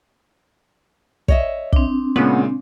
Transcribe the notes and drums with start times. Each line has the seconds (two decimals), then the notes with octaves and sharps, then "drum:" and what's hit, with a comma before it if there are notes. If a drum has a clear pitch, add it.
1.28 C#5 D#5 E5, drum: kick
1.73 C4 D4, drum: kick
2.16 A#2 C#3 G#3 B3 C#4